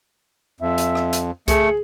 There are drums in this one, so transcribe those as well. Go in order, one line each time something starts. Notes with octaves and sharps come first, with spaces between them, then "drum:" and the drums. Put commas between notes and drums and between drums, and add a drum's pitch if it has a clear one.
F2 E5
drum: hi-hat
drum: rim click
drum: hi-hat
A3 G#4 C#7, drum: kick C2, hi-hat